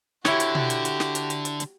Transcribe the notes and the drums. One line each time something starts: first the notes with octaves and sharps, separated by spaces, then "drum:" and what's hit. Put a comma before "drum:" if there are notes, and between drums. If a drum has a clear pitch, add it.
D3 E4 F#4 G4 C#5, drum: snare
drum: hi-hat
drum: tom B2
drum: hi-hat
drum: hi-hat
drum: snare
drum: hi-hat
drum: hi-hat
drum: hi-hat
drum: hi-hat